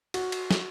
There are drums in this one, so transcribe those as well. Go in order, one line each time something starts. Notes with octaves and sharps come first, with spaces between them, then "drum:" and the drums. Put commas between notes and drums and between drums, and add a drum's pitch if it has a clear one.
F#4, drum: cymbal
drum: cymbal
drum: snare